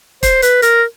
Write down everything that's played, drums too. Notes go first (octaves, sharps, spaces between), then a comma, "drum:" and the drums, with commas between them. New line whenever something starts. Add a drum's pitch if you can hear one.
C5, drum: kick, hi-hat
B4, drum: hi-hat
A#4, drum: hi-hat